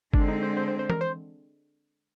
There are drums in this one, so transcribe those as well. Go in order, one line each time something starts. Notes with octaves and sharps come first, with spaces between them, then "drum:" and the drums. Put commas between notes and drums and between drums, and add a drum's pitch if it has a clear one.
D3 G#3 C4 D4, drum: kick G1
D#4
C5
C5
C5
C5
A#4, drum: tom E3
C5